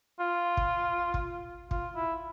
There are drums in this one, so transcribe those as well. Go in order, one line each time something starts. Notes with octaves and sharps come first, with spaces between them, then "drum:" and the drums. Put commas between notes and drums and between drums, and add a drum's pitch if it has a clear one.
F4
drum: kick
drum: kick
F4, drum: kick
E4